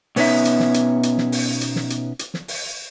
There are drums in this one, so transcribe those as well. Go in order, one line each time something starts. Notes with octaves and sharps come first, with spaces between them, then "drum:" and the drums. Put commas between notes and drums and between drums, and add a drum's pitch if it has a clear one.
B2 B3 C#4 D#4 E5, drum: open hi-hat
drum: hi-hat
drum: snare
drum: hi-hat
drum: hi-hat
drum: snare
drum: open hi-hat
drum: hi-hat
drum: snare
drum: hi-hat
drum: hi-hat
drum: snare
drum: open hi-hat